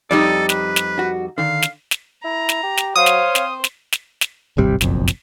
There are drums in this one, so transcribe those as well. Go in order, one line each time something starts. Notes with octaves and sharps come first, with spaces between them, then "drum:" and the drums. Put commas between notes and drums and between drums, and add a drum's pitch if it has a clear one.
F2 G3 D#4 G4 A4 D5
B4, drum: snare
drum: snare
F#4
D3 D#3 F5
drum: snare
drum: snare
E4 A#5
drum: snare
G4
drum: snare
F#3 C5 C#5 F5 D#6
drum: snare
C4, drum: snare
drum: snare
drum: snare
drum: snare
D1 G#1 C3 G3
F#1 B1 F2, drum: snare
drum: snare